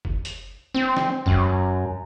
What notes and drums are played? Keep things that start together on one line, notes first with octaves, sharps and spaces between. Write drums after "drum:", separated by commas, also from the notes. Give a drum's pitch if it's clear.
drum: kick F#1
drum: hi-hat
C4
drum: snare
F#2, drum: kick F#1